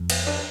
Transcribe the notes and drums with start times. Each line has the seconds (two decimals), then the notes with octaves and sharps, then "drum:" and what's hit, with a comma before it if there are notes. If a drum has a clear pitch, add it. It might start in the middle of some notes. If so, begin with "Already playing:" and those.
Already playing: F2
0.10 B3, drum: cymbal
0.27 D4 G4 B4